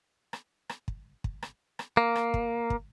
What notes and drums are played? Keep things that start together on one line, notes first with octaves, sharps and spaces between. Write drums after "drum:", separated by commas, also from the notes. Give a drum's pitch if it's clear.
drum: rim click
drum: rim click
drum: kick
drum: kick
drum: rim click
drum: rim click
A#3
drum: rim click
drum: kick
drum: kick